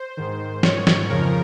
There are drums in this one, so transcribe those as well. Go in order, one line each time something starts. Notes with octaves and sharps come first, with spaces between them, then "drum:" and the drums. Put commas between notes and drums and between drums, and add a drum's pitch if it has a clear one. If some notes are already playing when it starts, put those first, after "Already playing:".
Already playing: C5
G#2 D#3
G#2 D#3 C#5, drum: snare
drum: snare
F2 C#3 F3 A#4